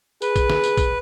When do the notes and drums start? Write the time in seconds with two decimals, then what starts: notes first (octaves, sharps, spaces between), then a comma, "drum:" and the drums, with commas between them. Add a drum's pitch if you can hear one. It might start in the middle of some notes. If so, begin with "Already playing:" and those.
0.22 G#4 B4, drum: tambourine
0.36 drum: kick, tambourine
0.50 drum: snare
0.64 drum: tambourine
0.77 drum: kick, tambourine